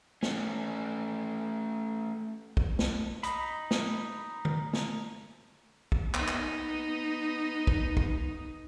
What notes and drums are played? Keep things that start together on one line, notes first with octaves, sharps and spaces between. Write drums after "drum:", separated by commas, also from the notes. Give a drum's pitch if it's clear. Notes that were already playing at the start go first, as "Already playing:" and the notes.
A3 C#4, drum: snare
drum: kick
drum: snare
D#4 B5, drum: hi-hat
drum: snare
drum: tom
drum: snare
drum: kick
B3 D#4, drum: clap
drum: clap
drum: kick
drum: kick